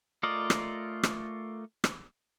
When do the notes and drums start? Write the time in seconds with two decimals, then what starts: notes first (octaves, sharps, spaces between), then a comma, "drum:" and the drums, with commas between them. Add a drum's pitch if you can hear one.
0.23 A3 F4 A#4 D5 D#5
0.50 drum: rim click
1.03 drum: rim click
1.84 drum: rim click